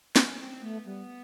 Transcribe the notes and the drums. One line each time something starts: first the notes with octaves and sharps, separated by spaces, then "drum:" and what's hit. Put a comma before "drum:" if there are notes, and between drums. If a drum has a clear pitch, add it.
C#4, drum: snare
C4
A3 B3
G3 B3